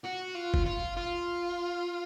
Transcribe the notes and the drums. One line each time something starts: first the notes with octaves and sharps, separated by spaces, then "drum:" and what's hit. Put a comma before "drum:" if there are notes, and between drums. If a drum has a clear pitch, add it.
F#4
F4
drum: kick
F4
F4